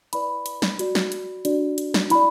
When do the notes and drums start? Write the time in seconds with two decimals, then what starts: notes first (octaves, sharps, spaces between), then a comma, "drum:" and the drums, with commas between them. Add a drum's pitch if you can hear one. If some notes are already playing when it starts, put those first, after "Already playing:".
0.13 E4 B4 D5 B5, drum: hi-hat
0.46 drum: hi-hat
0.62 drum: snare
0.79 F#4 D5, drum: hi-hat
0.95 drum: snare
1.12 drum: hi-hat
1.45 D4 F#4 D5, drum: hi-hat
1.78 drum: hi-hat
1.94 drum: snare
2.10 E4 D5 B5, drum: hi-hat